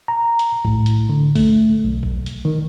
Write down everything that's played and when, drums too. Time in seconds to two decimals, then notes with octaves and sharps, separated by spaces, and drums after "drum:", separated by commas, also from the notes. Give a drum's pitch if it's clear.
0.08 A#5
0.39 drum: hi-hat
0.65 A2, drum: kick A#1
0.86 drum: hi-hat
1.09 D3
1.36 A3, drum: kick A#1, open hi-hat
1.84 B1
2.03 drum: kick A#1
2.26 drum: hi-hat
2.45 D#3